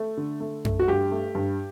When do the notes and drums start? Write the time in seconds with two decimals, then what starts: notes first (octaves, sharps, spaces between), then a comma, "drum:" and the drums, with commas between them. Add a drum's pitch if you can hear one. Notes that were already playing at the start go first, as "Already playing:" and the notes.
Already playing: A3
0.17 D3
0.40 A3
0.65 A3, drum: tom F#2
0.79 F#4
0.88 G2 G4
1.11 A3
1.35 G2